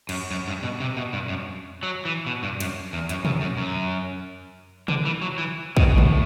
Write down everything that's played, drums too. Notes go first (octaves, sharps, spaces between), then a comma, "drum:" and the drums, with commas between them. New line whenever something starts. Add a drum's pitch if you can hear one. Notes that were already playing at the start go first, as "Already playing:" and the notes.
F#2, drum: cymbal
F#2
G2
B2
C3
B2
G2
F#2
F#3
E3
B2
G2
F#2, drum: cymbal
E2
F#2, drum: hi-hat
F#2, drum: tom
F#2
F#2
D3, drum: tom
E3
F#3
E3
B2, drum: kick
B2
A2, drum: tom